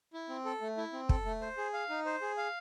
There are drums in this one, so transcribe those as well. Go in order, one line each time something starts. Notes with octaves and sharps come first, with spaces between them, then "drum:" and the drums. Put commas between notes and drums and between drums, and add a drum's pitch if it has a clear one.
E4
C4
A4
A3
E4
C4
A4, drum: kick
A3
C5
G#4
F5
D#4
C5
G#4
F5